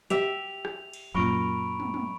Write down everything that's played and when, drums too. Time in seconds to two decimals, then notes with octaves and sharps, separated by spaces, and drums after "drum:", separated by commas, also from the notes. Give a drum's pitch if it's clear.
0.10 G4 E5 F7, drum: hi-hat
0.65 drum: rim click
0.93 drum: cymbal
1.14 F#2 A#2 A#4 B5 C#6 D7
1.80 drum: tom
1.94 drum: tom